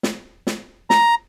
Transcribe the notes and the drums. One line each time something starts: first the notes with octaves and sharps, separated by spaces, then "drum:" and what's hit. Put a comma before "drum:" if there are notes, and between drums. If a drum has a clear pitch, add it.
drum: snare
drum: snare
A#5, drum: snare